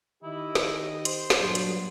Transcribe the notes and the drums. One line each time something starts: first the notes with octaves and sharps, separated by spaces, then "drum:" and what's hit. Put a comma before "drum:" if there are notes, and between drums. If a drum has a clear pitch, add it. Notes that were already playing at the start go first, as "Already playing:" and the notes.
D#3 E4 G4 D#5
drum: snare
C5 C6, drum: hi-hat
drum: snare
G2 A#2 F#3
drum: hi-hat